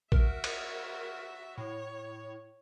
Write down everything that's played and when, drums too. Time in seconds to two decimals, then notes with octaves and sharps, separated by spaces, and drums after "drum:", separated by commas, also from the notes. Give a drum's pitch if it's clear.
0.12 F#4 A#4 E5, drum: kick A1
0.44 drum: cymbal
1.58 A2 C#5